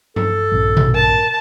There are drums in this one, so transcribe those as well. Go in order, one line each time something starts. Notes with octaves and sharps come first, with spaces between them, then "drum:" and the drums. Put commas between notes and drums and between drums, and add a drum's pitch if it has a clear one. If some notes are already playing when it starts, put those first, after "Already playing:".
A4, drum: tom G2
A#1 G2
drum: tom B2
A#4 A5